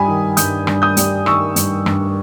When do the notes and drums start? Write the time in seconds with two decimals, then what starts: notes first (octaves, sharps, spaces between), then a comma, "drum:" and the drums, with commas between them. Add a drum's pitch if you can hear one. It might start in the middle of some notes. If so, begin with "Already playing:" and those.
Already playing: G2 G3 G5 G#5 B5 D#6
0.08 D#3
0.37 G2 D#6 G6, drum: hi-hat
0.67 G2, drum: rim click
0.82 D#6 G6
0.97 G3, drum: hi-hat
1.26 D#3 C#6 E6, drum: rim click
1.56 G2, drum: hi-hat
1.86 G2, drum: rim click